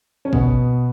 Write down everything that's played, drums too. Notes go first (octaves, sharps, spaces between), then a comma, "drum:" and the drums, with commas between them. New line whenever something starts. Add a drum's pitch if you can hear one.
C#4
B2 B3, drum: kick